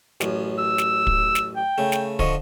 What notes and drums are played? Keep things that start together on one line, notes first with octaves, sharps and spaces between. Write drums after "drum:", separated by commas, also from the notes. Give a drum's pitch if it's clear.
A1 F#2, drum: snare
E6
drum: snare
drum: kick
drum: snare
G5
C#3 A3
drum: snare
D3 F3 D#5 C#6, drum: kick